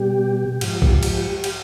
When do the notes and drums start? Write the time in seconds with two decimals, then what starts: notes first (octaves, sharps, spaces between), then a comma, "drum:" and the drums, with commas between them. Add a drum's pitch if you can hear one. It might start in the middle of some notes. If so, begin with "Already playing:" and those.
Already playing: B2 G3 G4
0.61 G#2 F3, drum: cymbal
0.82 drum: kick B1
1.03 drum: cymbal
1.44 drum: cymbal